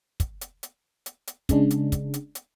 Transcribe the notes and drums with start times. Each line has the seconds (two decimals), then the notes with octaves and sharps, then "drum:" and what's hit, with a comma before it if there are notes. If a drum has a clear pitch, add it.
0.20 drum: kick, hi-hat
0.41 drum: hi-hat
0.63 drum: hi-hat
1.06 drum: hi-hat
1.27 drum: hi-hat
1.49 C#3 G#3 D4, drum: kick, hi-hat
1.71 drum: hi-hat
1.92 drum: kick, hi-hat
2.14 drum: hi-hat
2.35 drum: hi-hat